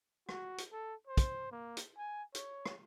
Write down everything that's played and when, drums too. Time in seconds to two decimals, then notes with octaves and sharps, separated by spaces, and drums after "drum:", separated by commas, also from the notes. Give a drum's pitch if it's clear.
0.29 F#4, drum: rim click
0.58 drum: hi-hat
0.72 A4
1.07 C5
1.17 drum: kick, hi-hat
1.52 A#3
1.77 drum: hi-hat
1.98 G#5
2.35 C#5, drum: hi-hat
2.66 drum: rim click